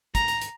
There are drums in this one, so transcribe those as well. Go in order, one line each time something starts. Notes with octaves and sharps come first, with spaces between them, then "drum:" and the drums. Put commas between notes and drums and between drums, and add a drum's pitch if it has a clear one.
A#5, drum: kick, hi-hat
drum: hi-hat
drum: hi-hat